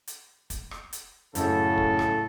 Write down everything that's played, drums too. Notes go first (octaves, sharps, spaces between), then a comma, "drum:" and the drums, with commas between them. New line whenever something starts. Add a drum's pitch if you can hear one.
drum: hi-hat
drum: kick, hi-hat
drum: rim click
drum: hi-hat
F#2 A2 C#3 A4, drum: hi-hat
drum: kick
drum: rim click